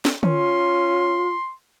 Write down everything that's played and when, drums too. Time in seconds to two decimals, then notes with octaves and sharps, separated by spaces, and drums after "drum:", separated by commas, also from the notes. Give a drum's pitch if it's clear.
0.05 drum: snare
0.23 C#4 F4 C6, drum: tom D3